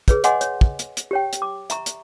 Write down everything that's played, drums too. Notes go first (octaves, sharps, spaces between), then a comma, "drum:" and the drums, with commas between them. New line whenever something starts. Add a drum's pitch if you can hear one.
G#4 B4 C#5, drum: kick, hi-hat
C#5 D#5 F#5 G#5 C6 D6, drum: hi-hat
C#5, drum: hi-hat
drum: kick
drum: hi-hat
drum: hi-hat
G4 C#5 G5
drum: hi-hat
D6
E5 A#5 C#6, drum: hi-hat
drum: hi-hat